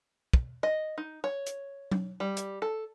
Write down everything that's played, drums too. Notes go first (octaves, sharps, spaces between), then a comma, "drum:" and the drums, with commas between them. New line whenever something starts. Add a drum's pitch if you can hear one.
drum: kick
D#5
D#4
C#5
drum: hi-hat
drum: tom F#3
G3
drum: hi-hat
A4